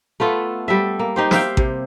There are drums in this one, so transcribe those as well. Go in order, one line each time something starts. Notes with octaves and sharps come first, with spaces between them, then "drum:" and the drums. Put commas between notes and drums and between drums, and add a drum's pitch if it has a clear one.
A3 B3 F4 A4
G3 A4 E5
A#3
D#4 G4 C5
C5 E5 F5 G5, drum: snare
C3, drum: kick A1